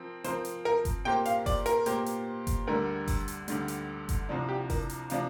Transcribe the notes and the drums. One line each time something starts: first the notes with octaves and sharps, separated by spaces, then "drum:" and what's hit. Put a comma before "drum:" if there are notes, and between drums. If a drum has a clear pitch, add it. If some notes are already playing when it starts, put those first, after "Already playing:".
Already playing: F3 C4 A#4
F3 C4 A#4 C5, drum: hi-hat
drum: hi-hat
A#4
drum: kick F#1, hi-hat
A#2 A#3 G4 C5 G5
F5, drum: hi-hat
D5, drum: kick F#1, open hi-hat
A#4, drum: hi-hat
A#2 A#3 G4 C5, drum: hi-hat
drum: hi-hat
drum: kick F#1, hi-hat
D2 D3 G3 A#4
drum: kick F#1, open hi-hat
drum: hi-hat
D2 D3 G3, drum: hi-hat
drum: hi-hat
drum: kick F#1, hi-hat
C2 C3 F3 D4
G4
A#4, drum: kick F#1, open hi-hat
drum: hi-hat
C3 F3 D4 F5, drum: hi-hat